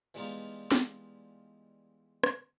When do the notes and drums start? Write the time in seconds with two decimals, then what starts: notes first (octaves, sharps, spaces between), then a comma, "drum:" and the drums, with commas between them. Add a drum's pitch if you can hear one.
0.14 E3 G3 G#3 B3 D#4 F4
0.72 drum: snare
2.24 drum: rim click